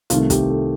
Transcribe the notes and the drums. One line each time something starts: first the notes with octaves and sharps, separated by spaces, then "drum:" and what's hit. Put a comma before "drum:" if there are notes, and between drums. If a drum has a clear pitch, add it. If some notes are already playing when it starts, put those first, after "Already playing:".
C2 C3 D#3 A3 F4, drum: hi-hat
G4, drum: kick, hi-hat
A4